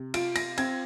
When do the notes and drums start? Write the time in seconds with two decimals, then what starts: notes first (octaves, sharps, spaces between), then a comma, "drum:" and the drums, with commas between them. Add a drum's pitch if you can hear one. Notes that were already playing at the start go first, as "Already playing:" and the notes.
Already playing: C3
0.14 F4 D7, drum: cymbal
0.36 A#6, drum: cymbal
0.58 C4 G#6, drum: cymbal